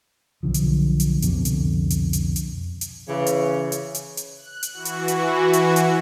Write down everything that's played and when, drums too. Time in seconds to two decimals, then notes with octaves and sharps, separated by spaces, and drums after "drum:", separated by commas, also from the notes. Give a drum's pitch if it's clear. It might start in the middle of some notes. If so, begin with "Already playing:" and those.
0.43 B1 D3 F3
0.54 drum: hi-hat
1.00 drum: hi-hat
1.22 C2 F2 B2 D3, drum: hi-hat
1.45 drum: hi-hat
1.90 drum: hi-hat
2.13 drum: hi-hat
2.36 drum: hi-hat
2.81 drum: hi-hat
3.08 C#3 E3
3.26 drum: hi-hat
3.72 drum: hi-hat
3.95 drum: hi-hat
4.17 drum: hi-hat
4.37 F#6
4.63 drum: hi-hat
4.73 E3 F#4
4.85 drum: hi-hat
5.08 drum: hi-hat
5.53 drum: hi-hat
5.76 drum: hi-hat